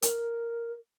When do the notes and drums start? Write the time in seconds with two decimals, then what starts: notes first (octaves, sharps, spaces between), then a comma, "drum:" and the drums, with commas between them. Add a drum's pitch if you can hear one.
0.02 A#4, drum: hi-hat